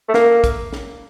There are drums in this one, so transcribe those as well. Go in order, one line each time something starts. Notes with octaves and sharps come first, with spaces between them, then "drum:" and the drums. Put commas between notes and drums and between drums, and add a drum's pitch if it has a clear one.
A3
A#3, drum: snare
drum: kick, hi-hat
drum: snare